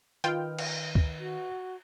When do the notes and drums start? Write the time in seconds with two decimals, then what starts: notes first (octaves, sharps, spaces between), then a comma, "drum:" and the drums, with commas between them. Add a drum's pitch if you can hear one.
0.24 D#3 F4 B4 D#5 G5 F6, drum: hi-hat
0.58 drum: cymbal
0.95 drum: kick D2
1.19 F#4